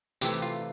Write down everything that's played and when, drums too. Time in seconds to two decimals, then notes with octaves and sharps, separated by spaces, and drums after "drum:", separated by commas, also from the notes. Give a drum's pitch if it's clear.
0.21 C3 E3 A3 G4, drum: tambourine
0.42 F4